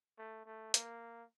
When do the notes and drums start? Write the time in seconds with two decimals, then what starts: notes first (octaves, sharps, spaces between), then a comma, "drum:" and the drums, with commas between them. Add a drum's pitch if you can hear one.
0.18 A3
0.46 A3
0.74 A#3, drum: hi-hat